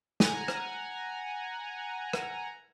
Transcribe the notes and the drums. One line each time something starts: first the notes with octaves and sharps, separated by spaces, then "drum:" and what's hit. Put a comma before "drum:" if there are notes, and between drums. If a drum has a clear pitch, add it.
F#5 G#5 A#5, drum: snare
drum: rim click
drum: rim click